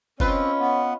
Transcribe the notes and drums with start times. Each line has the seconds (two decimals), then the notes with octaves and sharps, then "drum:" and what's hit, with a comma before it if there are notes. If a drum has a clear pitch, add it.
0.20 C4 C#4 F4 B4 C#5 D#5, drum: kick
0.60 B3